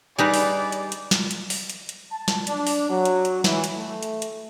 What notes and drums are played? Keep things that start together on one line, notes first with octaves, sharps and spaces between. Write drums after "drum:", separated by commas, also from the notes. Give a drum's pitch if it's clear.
G3 D#4 G#4 B4 D5
drum: open hi-hat
drum: hi-hat
drum: hi-hat
drum: snare
drum: hi-hat
drum: open hi-hat
drum: hi-hat
drum: hi-hat
A5
drum: snare
D4, drum: hi-hat
drum: open hi-hat
F#3
drum: hi-hat
drum: hi-hat
E3, drum: snare
drum: hi-hat
A3
drum: hi-hat
drum: hi-hat